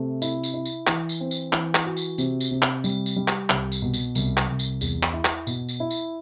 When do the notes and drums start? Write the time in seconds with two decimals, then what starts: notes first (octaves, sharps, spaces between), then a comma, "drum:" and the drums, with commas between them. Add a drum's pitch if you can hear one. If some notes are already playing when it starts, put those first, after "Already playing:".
Already playing: C3 A3
0.22 E4, drum: tambourine
0.44 drum: tambourine
0.54 E4
0.65 drum: tambourine
0.87 E3, drum: clap
1.09 drum: tambourine
1.20 C4
1.31 drum: tambourine
1.53 E3, drum: clap
1.75 drum: clap
1.86 F#4
1.97 drum: tambourine
2.18 C3, drum: tambourine
2.40 drum: tambourine
2.51 C3
2.62 drum: clap
2.84 G3, drum: tambourine
3.06 drum: tambourine
3.16 G3
3.28 drum: clap
3.50 C2, drum: clap
3.72 drum: tambourine
3.82 B2
3.94 drum: tambourine
4.15 C2, drum: tambourine
4.37 drum: clap
4.48 C2
4.59 drum: tambourine
4.81 E2, drum: tambourine
5.03 drum: clap
5.14 E4
5.25 drum: clap
5.47 B2, drum: tambourine
5.69 drum: tambourine
5.80 E4
5.90 drum: tambourine